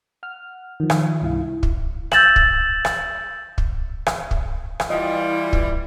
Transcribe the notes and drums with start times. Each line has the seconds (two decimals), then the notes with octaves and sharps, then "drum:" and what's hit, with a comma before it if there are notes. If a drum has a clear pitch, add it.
0.23 F#5 F6
0.80 D#3 F3
0.90 drum: rim click
1.22 C2 G2 B2 E4 F5
1.41 E4
1.63 drum: kick
2.12 E6 G6 A6 A#6 E7 F#7, drum: rim click
2.36 drum: kick
2.85 drum: rim click
3.58 drum: kick
4.06 drum: rim click
4.31 drum: kick
4.80 drum: rim click
4.90 E3 G3 E4 F4 D#5
5.53 drum: kick